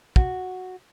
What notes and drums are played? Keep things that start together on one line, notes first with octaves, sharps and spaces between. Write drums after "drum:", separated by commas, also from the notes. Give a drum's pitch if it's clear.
F#4, drum: kick